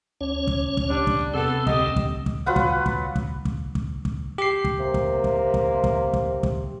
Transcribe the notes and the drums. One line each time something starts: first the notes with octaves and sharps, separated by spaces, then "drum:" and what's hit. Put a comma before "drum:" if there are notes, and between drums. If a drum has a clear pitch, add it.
D2 C#4 C#5
drum: kick
drum: kick
G3 D4
drum: kick
E2 C3 B3 C4 A4
G4 D#5, drum: kick
drum: kick
drum: kick
F#3 F4 B4 F#5
drum: kick
drum: kick
drum: kick
drum: kick
drum: kick
drum: kick
G4 C7
drum: kick
C3 A#3
drum: kick
drum: kick
drum: kick
drum: kick
drum: kick
drum: kick